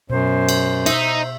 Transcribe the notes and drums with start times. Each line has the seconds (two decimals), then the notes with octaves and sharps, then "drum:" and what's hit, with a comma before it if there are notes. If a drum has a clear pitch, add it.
0.10 F#2 B2 C5
0.49 drum: cymbal
0.86 D#4 E5, drum: cymbal